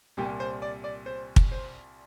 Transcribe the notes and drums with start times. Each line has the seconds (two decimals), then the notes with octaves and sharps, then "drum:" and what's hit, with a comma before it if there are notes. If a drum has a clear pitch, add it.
0.17 C2 A#2 G3 G4
0.40 C5
0.62 D5
0.84 D5
1.06 C5
1.36 drum: kick
1.52 C5